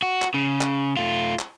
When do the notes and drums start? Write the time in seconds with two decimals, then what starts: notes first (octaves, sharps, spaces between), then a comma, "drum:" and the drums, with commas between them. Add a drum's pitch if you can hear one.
0.02 F#4
0.22 drum: clap
0.34 C#3
0.61 drum: clap
0.97 A3 F4
1.39 drum: clap